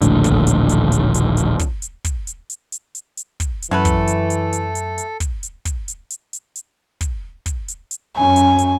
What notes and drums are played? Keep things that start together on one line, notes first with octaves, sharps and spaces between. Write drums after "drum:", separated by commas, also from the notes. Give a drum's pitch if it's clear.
D#1 A#1 A2 D3, drum: hi-hat
drum: kick, hi-hat
drum: hi-hat
drum: hi-hat
drum: hi-hat
drum: hi-hat
drum: hi-hat
drum: kick, hi-hat
drum: hi-hat
drum: kick, hi-hat
drum: hi-hat
drum: hi-hat
drum: hi-hat
drum: hi-hat
drum: hi-hat
drum: kick, hi-hat
drum: hi-hat
F#2 E3 F#3 A3 A4 B4
drum: kick, hi-hat
drum: hi-hat
drum: hi-hat
drum: hi-hat
drum: hi-hat
drum: hi-hat
drum: kick, hi-hat
drum: hi-hat
drum: kick, hi-hat
drum: hi-hat
drum: hi-hat
drum: hi-hat
drum: hi-hat
drum: kick, hi-hat
drum: kick, hi-hat
drum: hi-hat
drum: hi-hat
F#2 C#4 G#5
drum: hi-hat
drum: hi-hat